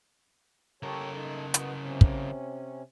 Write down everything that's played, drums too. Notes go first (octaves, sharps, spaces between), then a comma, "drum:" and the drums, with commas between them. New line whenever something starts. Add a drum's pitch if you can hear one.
C#3 G4 A4 A#4 C#5
D#4 A4
B3 F#4 D#5, drum: hi-hat
C3 C#4
drum: kick